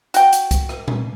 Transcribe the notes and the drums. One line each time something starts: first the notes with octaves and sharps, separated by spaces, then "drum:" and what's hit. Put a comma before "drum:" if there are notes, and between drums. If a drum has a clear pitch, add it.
F#4 G5, drum: hi-hat
drum: hi-hat
drum: kick C2, hi-hat
drum: rim click
drum: tom A#2